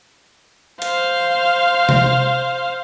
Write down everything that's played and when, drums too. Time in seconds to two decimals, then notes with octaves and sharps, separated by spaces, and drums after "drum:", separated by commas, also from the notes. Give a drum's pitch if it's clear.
0.82 C5 F5, drum: hi-hat
1.89 drum: tom C3